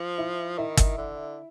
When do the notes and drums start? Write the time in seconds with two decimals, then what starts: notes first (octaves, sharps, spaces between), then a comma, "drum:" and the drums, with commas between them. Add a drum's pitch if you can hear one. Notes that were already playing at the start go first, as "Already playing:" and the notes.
Already playing: F3
0.18 E4
0.58 D#3 E4
0.77 drum: kick, hi-hat
0.97 D3